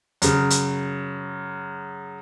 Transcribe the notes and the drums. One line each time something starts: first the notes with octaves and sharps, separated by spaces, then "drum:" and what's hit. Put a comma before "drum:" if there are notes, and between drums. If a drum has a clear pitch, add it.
F#2 C#3, drum: hi-hat
drum: hi-hat